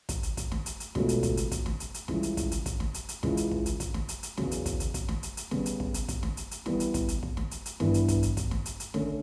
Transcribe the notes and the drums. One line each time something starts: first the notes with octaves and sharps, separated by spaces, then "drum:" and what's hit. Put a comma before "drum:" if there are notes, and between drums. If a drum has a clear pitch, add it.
drum: kick, hi-hat
drum: hi-hat
drum: kick, hi-hat
drum: snare
drum: hi-hat
drum: hi-hat
C#2 B2 F#3 A3, drum: snare
drum: hi-hat
drum: kick, hi-hat
drum: hi-hat
drum: kick, hi-hat
drum: snare
drum: hi-hat
drum: hi-hat
C#2 C#3 E3 G3, drum: snare
drum: hi-hat
drum: kick, hi-hat
drum: hi-hat
drum: kick, hi-hat
drum: snare
drum: hi-hat
drum: hi-hat
C#2 C#3 E3, drum: snare
drum: hi-hat
drum: kick
drum: hi-hat
drum: kick, hi-hat
drum: snare
drum: hi-hat
drum: hi-hat
E2 C#3 F#3 C#4, drum: snare
drum: hi-hat
drum: kick, hi-hat
drum: hi-hat
drum: kick, hi-hat
drum: snare
drum: hi-hat
drum: hi-hat
C#3 G3 B3, drum: snare
drum: hi-hat
drum: kick
drum: hi-hat
drum: kick, hi-hat
drum: snare
drum: hi-hat
drum: hi-hat
E3 G3 B3, drum: snare
drum: hi-hat
drum: kick, hi-hat
drum: hi-hat
drum: kick
drum: snare
drum: hi-hat
drum: hi-hat
G2 E3 B3, drum: snare
drum: hi-hat
drum: kick, hi-hat
drum: hi-hat
drum: kick, hi-hat
drum: snare
drum: hi-hat
drum: hi-hat
D3 A3 C#4, drum: snare